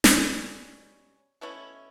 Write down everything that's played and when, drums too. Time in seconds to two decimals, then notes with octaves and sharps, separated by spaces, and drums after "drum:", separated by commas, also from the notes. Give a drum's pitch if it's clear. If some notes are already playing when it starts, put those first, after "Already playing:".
0.04 B2 G3 C#4, drum: snare
1.41 B2 A3 C#4 E4